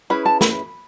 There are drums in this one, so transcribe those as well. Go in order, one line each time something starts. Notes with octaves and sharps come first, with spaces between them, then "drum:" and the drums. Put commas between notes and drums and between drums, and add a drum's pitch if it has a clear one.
C#4 E4 G#4 B4 B5
A5
B5, drum: snare